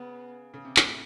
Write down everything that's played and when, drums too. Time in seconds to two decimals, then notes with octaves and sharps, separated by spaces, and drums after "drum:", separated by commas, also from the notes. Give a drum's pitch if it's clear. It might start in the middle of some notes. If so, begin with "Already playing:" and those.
Already playing: C#3 B3
0.54 C#3
0.65 C3
0.77 drum: clap
0.86 A2